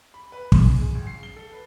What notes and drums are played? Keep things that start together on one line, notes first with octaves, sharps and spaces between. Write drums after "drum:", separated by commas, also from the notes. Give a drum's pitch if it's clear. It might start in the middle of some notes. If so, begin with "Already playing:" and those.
B5
B4
C#3, drum: kick
G#4
G#3
C#2
C7
G7
A4
B4